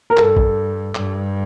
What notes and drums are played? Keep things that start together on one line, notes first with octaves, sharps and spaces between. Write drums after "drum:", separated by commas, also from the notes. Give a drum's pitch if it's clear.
A#4
G2 A4, drum: clap
drum: kick
G2, drum: clap